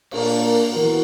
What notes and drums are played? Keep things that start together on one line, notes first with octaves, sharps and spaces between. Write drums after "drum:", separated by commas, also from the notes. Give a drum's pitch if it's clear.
A#2 A#3 D4 A#4, drum: cymbal
E3 B3 F#4 A#4